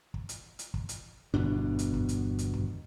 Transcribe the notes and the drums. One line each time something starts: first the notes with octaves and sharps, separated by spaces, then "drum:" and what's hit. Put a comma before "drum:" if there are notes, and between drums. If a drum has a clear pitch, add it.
drum: kick
drum: hi-hat
drum: hi-hat
drum: kick
drum: hi-hat
G1 E2 B2 D4, drum: kick
drum: hi-hat
drum: kick
drum: hi-hat
drum: hi-hat
drum: kick